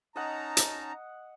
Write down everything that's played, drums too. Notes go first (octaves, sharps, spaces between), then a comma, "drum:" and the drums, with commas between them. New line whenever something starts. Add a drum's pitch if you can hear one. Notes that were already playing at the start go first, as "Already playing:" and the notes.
C#4 D#4 D#5 F#5 A5 A#5
drum: hi-hat